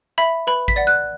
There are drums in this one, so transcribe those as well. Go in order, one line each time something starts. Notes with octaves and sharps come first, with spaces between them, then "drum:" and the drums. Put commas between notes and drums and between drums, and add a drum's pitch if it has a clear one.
E5 B5
B4 B5
B6, drum: kick A1
D5 F#5 A6
F#6